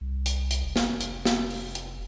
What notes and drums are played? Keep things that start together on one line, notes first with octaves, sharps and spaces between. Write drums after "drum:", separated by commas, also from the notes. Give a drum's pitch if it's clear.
C2
drum: hi-hat
drum: hi-hat
F1
drum: snare
drum: hi-hat
drum: snare
drum: open hi-hat
drum: hi-hat